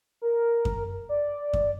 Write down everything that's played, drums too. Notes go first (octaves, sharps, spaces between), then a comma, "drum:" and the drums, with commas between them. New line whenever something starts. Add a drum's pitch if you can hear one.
A#4
drum: kick F#2
D5
drum: kick F#2